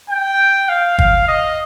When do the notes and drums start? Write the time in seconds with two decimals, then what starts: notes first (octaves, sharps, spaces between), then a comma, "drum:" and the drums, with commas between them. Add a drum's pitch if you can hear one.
0.10 G5
0.69 F5
0.99 F5, drum: kick
1.28 D#5